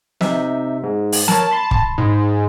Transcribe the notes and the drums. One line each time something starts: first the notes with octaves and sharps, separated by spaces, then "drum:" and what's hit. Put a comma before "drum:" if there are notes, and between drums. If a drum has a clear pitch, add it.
C3 D#4 E5, drum: snare
G#2
drum: open hi-hat
A#4 C#5 A5, drum: snare
B5 C6
drum: kick
G#2